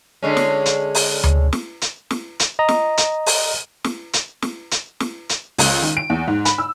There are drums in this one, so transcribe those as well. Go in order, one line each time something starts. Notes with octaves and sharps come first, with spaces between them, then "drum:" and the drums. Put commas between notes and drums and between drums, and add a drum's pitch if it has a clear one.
D3 G#3 C#4
drum: snare
drum: hi-hat
drum: open hi-hat
drum: tom D2
drum: snare
drum: hi-hat
drum: snare
drum: hi-hat
D#5 A#5
drum: snare
drum: hi-hat
drum: open hi-hat
drum: snare
drum: hi-hat
drum: snare
drum: hi-hat
drum: snare
drum: hi-hat
C#2, drum: open hi-hat
D#3
D7
E2
G#2
B5, drum: hi-hat
E6